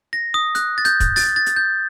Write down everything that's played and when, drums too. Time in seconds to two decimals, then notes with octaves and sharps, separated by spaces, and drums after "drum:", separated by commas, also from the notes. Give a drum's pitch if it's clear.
0.13 A#6
0.34 D#6
0.55 F#6, drum: hi-hat
0.78 A6
0.85 G6, drum: hi-hat
1.00 drum: kick, hi-hat
1.16 A6, drum: open hi-hat
1.36 A6
1.46 drum: hi-hat
1.56 G6